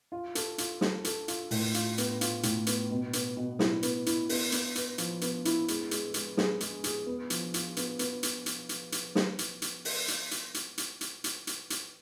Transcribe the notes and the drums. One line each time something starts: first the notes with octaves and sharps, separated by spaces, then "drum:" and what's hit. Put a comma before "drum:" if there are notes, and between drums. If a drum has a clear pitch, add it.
F4
A4, drum: hi-hat
F4, drum: hi-hat
A4, drum: snare
A4, drum: hi-hat
F4, drum: hi-hat
A2, drum: open hi-hat
F4, drum: hi-hat
B3, drum: hi-hat
F4, drum: hi-hat
A2, drum: hi-hat
B3, drum: hi-hat
B2
B3, drum: hi-hat
B2
E4, drum: snare
B3, drum: hi-hat
E4, drum: hi-hat
B3, drum: open hi-hat
B3, drum: hi-hat
B4, drum: hi-hat
F3, drum: hi-hat
B3, drum: hi-hat
E4, drum: hi-hat
G#3, drum: hi-hat
G#3, drum: hi-hat
G#3, drum: hi-hat
G#4, drum: snare
G#3, drum: hi-hat
G#4, drum: hi-hat
B3
F3, drum: hi-hat
F4, drum: hi-hat
B3, drum: hi-hat
B3, drum: hi-hat
drum: hi-hat
drum: hi-hat
drum: hi-hat
drum: hi-hat
drum: snare
drum: hi-hat
drum: hi-hat
drum: open hi-hat
drum: hi-hat
drum: hi-hat
drum: hi-hat
drum: hi-hat
drum: hi-hat
drum: hi-hat
drum: hi-hat
drum: hi-hat